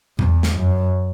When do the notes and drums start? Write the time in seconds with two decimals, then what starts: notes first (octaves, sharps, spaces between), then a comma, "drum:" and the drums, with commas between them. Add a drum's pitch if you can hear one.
0.19 E2, drum: tom A#2
0.43 drum: snare
0.56 F#2